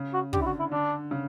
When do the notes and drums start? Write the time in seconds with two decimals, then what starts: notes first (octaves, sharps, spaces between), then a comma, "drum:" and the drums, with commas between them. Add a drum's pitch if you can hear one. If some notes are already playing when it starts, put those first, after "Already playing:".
Already playing: C#3
0.13 F#4
0.33 D3 G4, drum: kick
0.41 E4
0.46 F#4
0.59 E4
0.71 D3 D4
1.11 C#3